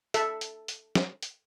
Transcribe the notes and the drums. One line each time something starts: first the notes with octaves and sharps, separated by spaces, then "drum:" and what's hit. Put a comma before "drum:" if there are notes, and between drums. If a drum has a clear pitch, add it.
A4 E5, drum: hi-hat
drum: hi-hat
drum: hi-hat
drum: snare
drum: hi-hat